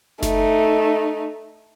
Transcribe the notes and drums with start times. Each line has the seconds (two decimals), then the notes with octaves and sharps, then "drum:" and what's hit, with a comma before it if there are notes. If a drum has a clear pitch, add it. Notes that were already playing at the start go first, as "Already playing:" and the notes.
0.23 A3 D#4, drum: snare F#1